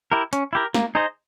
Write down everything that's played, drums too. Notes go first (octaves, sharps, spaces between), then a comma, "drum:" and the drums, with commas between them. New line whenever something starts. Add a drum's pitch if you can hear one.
E4 G4 A#4
C#4, drum: hi-hat
E4 G4 A#4
A#3, drum: snare
D#4 G#4 C5 D#5